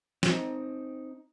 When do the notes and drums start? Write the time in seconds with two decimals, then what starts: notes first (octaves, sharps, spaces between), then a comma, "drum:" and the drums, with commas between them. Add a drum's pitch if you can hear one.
0.23 C4 D#4, drum: snare